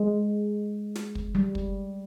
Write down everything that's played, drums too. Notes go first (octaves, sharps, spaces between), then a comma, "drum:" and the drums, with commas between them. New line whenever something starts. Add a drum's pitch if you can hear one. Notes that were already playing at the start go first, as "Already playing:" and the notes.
Already playing: G#3
drum: snare
drum: kick
G3
drum: kick